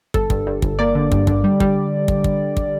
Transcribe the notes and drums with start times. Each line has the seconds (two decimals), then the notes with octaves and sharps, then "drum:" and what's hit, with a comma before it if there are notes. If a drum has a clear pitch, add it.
0.14 G1 A4, drum: kick
0.30 G2, drum: kick
0.47 G2
0.62 G1, drum: kick
0.79 A#3 D5
0.95 D3
1.12 G2, drum: kick
1.27 D3, drum: kick
1.44 G3
1.60 G3, drum: kick
2.08 drum: kick
2.24 drum: kick
2.57 drum: kick